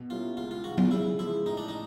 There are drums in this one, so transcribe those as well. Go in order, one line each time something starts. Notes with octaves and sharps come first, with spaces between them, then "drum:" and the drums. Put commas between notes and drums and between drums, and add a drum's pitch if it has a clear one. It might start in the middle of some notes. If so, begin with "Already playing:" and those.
Already playing: B2
G3 A#3 C#4 E4 F4
C#2 F4
F4
C3 E3 F#4
F4, drum: tom F#3
C#3 E4
F3 G#3 E4
A2 D#4
D4
D#4